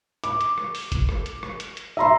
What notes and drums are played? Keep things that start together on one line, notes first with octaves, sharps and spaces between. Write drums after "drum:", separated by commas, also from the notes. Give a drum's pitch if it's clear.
D6, drum: hi-hat
drum: hi-hat
drum: rim click
drum: open hi-hat
drum: kick F#1, hi-hat
drum: rim click
drum: hi-hat
drum: rim click
drum: hi-hat
drum: hi-hat
E5 A#5 C6